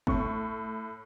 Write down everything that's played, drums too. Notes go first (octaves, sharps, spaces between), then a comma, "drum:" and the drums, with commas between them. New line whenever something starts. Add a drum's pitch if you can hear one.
A2 C#6, drum: kick F#1